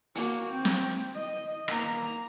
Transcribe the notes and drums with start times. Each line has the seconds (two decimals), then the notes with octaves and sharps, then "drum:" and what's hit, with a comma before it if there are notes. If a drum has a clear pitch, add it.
0.15 A#3 F#4, drum: hi-hat
0.51 C4
0.65 drum: snare
1.15 D#5
1.68 A#3 A#5, drum: rim click